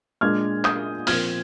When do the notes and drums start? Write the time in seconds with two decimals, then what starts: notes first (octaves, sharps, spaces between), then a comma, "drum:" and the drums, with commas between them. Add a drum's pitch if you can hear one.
0.21 A#2 G#3 D4 F6 G#6
0.65 D#6 G6, drum: clap
1.07 A#2 F3 C4 F6 G#6, drum: open hi-hat